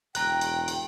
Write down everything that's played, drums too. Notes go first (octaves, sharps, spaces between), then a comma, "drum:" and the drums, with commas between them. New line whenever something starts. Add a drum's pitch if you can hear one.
E1 G5 A#5 F#6, drum: cymbal
drum: cymbal
drum: cymbal